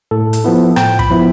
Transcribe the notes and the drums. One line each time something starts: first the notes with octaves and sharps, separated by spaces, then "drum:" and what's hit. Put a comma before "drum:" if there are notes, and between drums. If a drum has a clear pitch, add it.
A2 A4
drum: hi-hat
F3 B3 E4
A2 G5, drum: rim click
B5, drum: kick
F3 B3 E4